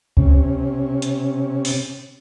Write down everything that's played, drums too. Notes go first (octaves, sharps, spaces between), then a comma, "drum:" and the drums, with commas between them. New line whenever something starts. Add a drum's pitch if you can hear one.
C3 C#4, drum: kick C2
drum: hi-hat
drum: open hi-hat